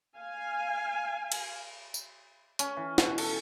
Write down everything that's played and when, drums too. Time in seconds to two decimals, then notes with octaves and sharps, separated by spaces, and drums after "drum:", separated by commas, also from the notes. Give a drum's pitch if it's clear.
0.16 F5 G#5
1.32 drum: cymbal
1.94 drum: tambourine
2.59 C#4, drum: hi-hat
2.77 E3
2.98 B2, drum: snare
3.18 A4, drum: cymbal